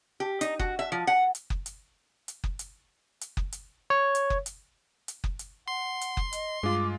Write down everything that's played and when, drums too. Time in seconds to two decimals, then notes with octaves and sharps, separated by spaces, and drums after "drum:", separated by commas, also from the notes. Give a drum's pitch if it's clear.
0.20 G4
0.41 D#4, drum: hi-hat
0.59 F#4, drum: kick F#1
0.79 E5
0.92 F3
1.07 F#5
1.35 drum: hi-hat
1.50 drum: kick F#1
1.66 drum: hi-hat
2.28 drum: hi-hat
2.44 drum: kick F#1
2.59 drum: hi-hat
3.21 drum: hi-hat
3.37 drum: kick F#1
3.52 drum: hi-hat
3.90 C#5
4.15 drum: hi-hat
4.30 drum: kick F#1
4.46 drum: hi-hat
5.08 drum: hi-hat
5.24 drum: kick F#1
5.39 drum: hi-hat
5.68 F#5 C6
6.01 drum: hi-hat
6.17 drum: kick F#1
6.33 D#5, drum: hi-hat
6.63 G2 G#3 F4 D6